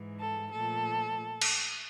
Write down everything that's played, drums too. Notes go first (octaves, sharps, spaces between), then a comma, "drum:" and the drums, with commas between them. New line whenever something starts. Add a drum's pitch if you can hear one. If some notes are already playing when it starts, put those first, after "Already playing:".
Already playing: G#2 E3 G#3
A4
A#2 F3 A3 A4
drum: cymbal